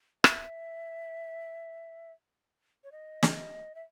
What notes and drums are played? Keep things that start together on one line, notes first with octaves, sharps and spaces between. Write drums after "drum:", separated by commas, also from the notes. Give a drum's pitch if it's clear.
E5, drum: rim click
C#5
D#5
drum: snare
E5